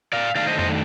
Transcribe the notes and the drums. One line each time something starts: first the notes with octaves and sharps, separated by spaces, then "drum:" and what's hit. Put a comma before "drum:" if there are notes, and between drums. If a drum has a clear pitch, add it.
D5 F5
D#3 A3 D4 D5 F5
C5 D#5
C5 D#5, drum: tom F2